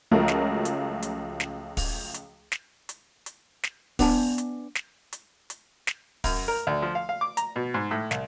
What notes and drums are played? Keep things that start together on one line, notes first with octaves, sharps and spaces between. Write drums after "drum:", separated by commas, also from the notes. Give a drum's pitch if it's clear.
C#2 F3 F#3 A3 A#4 A#5
drum: snare
drum: hi-hat
drum: hi-hat
drum: snare
drum: kick, open hi-hat
drum: hi-hat
drum: snare
drum: hi-hat
drum: hi-hat
drum: snare
B3 D4 G#5 A5, drum: kick, open hi-hat
drum: hi-hat
drum: snare
drum: hi-hat
drum: hi-hat
drum: snare
F#2, drum: kick, open hi-hat
A#4
D2
F3
F5
F5
D6
A#5, drum: hi-hat
B2
G#2
A2
C2, drum: snare